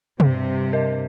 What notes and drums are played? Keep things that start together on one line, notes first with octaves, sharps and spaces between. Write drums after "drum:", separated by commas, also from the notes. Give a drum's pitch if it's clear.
G2 C3, drum: tom
A#4 D#5